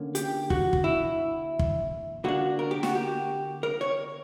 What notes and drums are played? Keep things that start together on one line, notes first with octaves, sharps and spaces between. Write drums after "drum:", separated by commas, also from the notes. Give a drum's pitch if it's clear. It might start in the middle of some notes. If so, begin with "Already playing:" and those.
Already playing: D3 A#3 C#4
G4, drum: hi-hat
F#4, drum: kick
drum: kick
E4
drum: kick
D3 A#3 D4 F#4
A#4
G4
F#4, drum: snare
G4
A#4
C#5